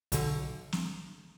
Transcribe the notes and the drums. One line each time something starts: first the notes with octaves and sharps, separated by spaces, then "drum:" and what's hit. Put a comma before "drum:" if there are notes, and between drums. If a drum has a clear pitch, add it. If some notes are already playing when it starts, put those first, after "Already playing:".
B1 B2 D3, drum: hi-hat
drum: snare